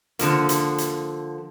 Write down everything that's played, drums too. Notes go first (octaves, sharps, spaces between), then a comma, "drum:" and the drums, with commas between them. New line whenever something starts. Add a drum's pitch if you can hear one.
D3 F3 A#3, drum: hi-hat
drum: hi-hat
drum: hi-hat